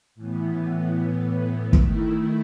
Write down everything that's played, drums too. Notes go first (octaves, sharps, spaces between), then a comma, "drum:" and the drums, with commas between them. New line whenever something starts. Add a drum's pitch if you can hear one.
A2 E3 B3
D#3 A3 E4, drum: kick